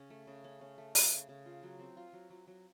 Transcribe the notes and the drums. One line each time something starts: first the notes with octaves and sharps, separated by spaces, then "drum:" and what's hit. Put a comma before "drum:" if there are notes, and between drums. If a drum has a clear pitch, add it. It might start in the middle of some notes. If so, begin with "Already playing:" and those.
Already playing: C#3 C#4
A3
C#3
C#4
C#4
A3
C#3, drum: open hi-hat
C#3
C#3
F4
F#3
C4
F4
F#3
F#3
F#3